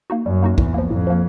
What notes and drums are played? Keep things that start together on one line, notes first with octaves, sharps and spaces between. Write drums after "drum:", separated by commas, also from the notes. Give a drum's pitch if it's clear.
A#3 D#4 F#4
F#2 G3
A#3 D#4 F#4
E2 A2, drum: kick B1
F3 A#3
F2 A2
F3 A#3